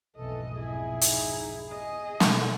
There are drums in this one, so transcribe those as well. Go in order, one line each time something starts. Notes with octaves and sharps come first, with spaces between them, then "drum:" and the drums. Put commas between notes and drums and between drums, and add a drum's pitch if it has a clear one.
B1 F2 G#2 E3 A4 D#5
E4 G#4
D#4, drum: hi-hat
G#4 D#5
E2 B2 D#3 G#3 A3, drum: snare